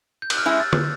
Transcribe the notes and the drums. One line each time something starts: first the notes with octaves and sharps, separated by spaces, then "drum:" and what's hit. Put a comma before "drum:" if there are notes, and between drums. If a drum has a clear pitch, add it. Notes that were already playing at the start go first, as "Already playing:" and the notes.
G6
F#6, drum: cymbal
F6
G#3 C#4 E4 G#4 E6
A6
drum: tom D3